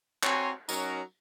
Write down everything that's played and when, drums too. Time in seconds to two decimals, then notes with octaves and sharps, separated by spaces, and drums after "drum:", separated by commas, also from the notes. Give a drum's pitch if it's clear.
0.23 C4 F#4 C#5 G#5 A#5 C6, drum: clap
0.69 F#3 C#4 D#4 F#4 A#4, drum: tambourine